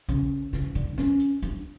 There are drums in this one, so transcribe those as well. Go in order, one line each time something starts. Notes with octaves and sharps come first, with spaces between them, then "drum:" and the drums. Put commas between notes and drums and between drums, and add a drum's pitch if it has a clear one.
C#3, drum: kick A1, hi-hat
C#3, drum: snare
D3, drum: hi-hat
C#4, drum: snare
drum: hi-hat
D4, drum: hi-hat